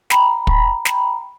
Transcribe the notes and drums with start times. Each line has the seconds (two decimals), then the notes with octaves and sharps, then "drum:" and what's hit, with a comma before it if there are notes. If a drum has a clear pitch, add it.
0.10 G5 A#5 B5, drum: snare
0.47 drum: kick
0.85 drum: snare